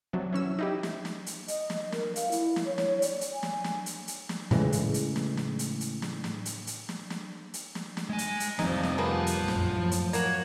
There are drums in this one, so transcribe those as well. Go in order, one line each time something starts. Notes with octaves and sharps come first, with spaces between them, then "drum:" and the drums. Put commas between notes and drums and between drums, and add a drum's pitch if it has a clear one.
C3 F#3 D4
E3 C#4 E6
D#4 E4 G4
drum: snare
drum: snare
drum: hi-hat
D#5, drum: hi-hat
drum: snare
A#4, drum: snare
F5, drum: hi-hat
E4, drum: hi-hat
drum: snare
C#5
drum: snare
D5, drum: hi-hat
drum: hi-hat
G#5
drum: snare
drum: snare
drum: hi-hat
drum: hi-hat
drum: snare
A2 C#3 E3 G#3, drum: snare
drum: hi-hat
drum: hi-hat
drum: snare
drum: snare
drum: hi-hat
drum: hi-hat
drum: snare
drum: snare
drum: hi-hat
drum: hi-hat
drum: snare
drum: snare
drum: hi-hat
drum: snare
drum: snare
G#3 G#5
drum: hi-hat
drum: hi-hat
F1 E3 F3 G3 C4 D#4, drum: snare
drum: snare
G#3 A#3 B3 F4 A5
drum: hi-hat
F1 A#1 F#2
drum: snare
F#2 A2 F3
drum: hi-hat
A#3 F#4 C#5, drum: hi-hat